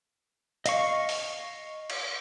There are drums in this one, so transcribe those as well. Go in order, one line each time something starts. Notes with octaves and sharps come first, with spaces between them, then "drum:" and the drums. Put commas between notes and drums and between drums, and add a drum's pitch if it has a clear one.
D#5 F5 C#6, drum: hi-hat
drum: open hi-hat
drum: cymbal